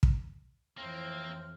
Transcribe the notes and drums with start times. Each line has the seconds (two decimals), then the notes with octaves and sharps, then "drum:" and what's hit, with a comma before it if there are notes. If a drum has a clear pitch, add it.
0.03 drum: kick
0.78 F2 A2 E3 A#3 C4 C5 F6